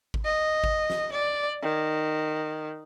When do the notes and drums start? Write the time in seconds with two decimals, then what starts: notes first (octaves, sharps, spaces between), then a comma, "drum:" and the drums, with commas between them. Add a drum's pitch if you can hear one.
0.14 drum: kick G#1
0.25 D#5
0.64 drum: kick G#1
0.90 drum: snare
1.12 D5
1.62 D#3